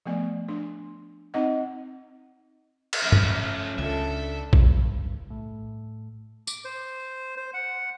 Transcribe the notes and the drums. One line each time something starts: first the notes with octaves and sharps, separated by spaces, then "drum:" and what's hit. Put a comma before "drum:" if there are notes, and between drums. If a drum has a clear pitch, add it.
F3 A3 B3 D5
D4
C4 D#4 D#5 F#5
drum: cymbal
F3 A3 C#4
drum: tom G2
C#2 D4 A4 E5
G1 C#2 G2, drum: kick A#1
A2
D6, drum: tambourine
C5
C5
F#5